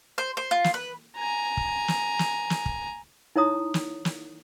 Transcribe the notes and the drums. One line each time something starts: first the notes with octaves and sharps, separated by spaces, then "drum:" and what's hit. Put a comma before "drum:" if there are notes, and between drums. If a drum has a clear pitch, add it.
C5
C5
F4
drum: snare
B4
G#5 A#5
drum: kick
drum: snare
drum: snare
drum: snare
drum: kick
D#4 E4 C#5 A#5 D#6
drum: snare
drum: snare